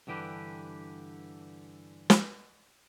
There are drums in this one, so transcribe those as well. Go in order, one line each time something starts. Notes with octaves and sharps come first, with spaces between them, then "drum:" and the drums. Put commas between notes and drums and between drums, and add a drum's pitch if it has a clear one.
G2 D3 E3 G4 B4
drum: snare